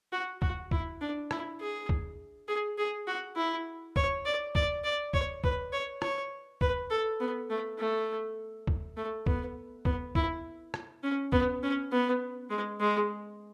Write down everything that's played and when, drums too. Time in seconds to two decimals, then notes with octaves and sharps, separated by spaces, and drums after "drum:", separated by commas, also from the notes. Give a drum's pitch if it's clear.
0.13 F#4
0.42 F#4, drum: kick
0.71 E4, drum: kick
1.01 D4
1.31 E4, drum: rim click
1.60 G#4
1.89 drum: kick
2.48 G#4
2.78 G#4
3.07 F#4
3.36 E4
3.96 C#5, drum: kick
4.25 D5
4.55 D5, drum: kick
4.84 D5
5.14 C#5, drum: kick
5.44 B4, drum: kick
5.73 C#5
6.02 C#5, drum: rim click
6.61 B4, drum: kick
6.90 A4
7.20 B3
7.50 A3
7.79 A3
8.67 drum: kick
8.97 A3
9.26 B3, drum: kick
9.85 B3, drum: kick
10.15 E4, drum: kick
10.74 drum: rim click
11.03 C#4
11.32 B3, drum: kick
11.63 C#4
11.92 B3
12.50 G#3
12.80 G#3